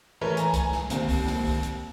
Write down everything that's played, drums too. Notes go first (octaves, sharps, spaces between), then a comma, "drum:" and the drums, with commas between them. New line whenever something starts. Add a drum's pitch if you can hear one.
E3 A3 A#4 B4 C#5
G#5 A#5, drum: hi-hat
drum: kick C2, hi-hat
drum: snare
D#2 C4, drum: hi-hat
drum: kick C2, open hi-hat
drum: snare
drum: kick C2, open hi-hat
drum: hi-hat